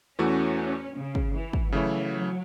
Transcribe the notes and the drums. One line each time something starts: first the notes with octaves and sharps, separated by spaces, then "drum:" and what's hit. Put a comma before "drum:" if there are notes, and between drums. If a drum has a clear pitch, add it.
E2 E3 A3 C#4 F#4
C#3
drum: kick
E3
drum: kick
C#3 E3 F#3 A3 E4 C#5